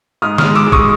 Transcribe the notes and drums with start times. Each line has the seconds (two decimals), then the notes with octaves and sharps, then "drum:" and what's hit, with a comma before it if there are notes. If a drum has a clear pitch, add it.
0.22 G#2 D#6 F6
0.38 D#6 F6, drum: snare
0.44 G#3
0.55 D6 E6
0.67 G#3
0.72 C#6 D#6, drum: kick